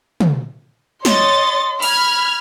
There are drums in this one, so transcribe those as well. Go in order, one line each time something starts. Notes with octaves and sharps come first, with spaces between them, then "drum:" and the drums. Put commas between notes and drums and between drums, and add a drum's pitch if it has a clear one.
drum: tom
C#5 D#5 C6 A6, drum: snare
B5 F6 G#6, drum: cymbal